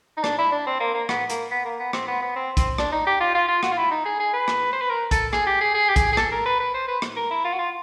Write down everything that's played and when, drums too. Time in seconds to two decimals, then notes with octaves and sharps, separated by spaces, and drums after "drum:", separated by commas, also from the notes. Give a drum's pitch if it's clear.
0.17 D#4
0.24 D4, drum: rim click
0.38 E4
0.52 D4
0.67 C4
0.80 A#3
0.94 A#3
1.09 B3, drum: rim click
1.30 A#3, drum: hi-hat
1.51 B3
1.65 A#3
1.80 B3
1.93 C4, drum: rim click
2.08 B3
2.22 B3
2.36 C4
2.57 C4, drum: kick, hi-hat
2.78 D4, drum: rim click
2.92 D#4
3.07 G4
3.20 F4
3.35 F4
3.48 F4
3.63 F#4, drum: rim click
3.72 F4
3.78 E4
3.91 D#4
4.05 G#4
4.20 G#4
4.34 B4
4.48 drum: rim click
4.73 C5
4.81 B4
4.90 A#4
5.11 A4, drum: kick, hi-hat
5.33 G#4, drum: rim click
5.47 G4
5.61 G#4
5.75 G#4
5.89 G4
5.96 G#4, drum: kick, hi-hat
6.13 G#4
6.17 A4, drum: rim click
6.32 A#4
6.46 B4
6.60 B4
6.74 C5
6.88 B4
7.02 drum: rim click
7.16 A#4
7.31 E4
7.45 F4
7.53 F#4
7.59 F4